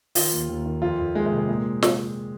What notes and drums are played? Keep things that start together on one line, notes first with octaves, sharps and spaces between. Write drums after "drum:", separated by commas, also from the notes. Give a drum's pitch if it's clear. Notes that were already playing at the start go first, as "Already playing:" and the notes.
D#3 F4, drum: open hi-hat
D#2
D#2
D#3
F2 F4
F2
D#3 G#3
G#3
C3
G#3
A#2 G#3
drum: snare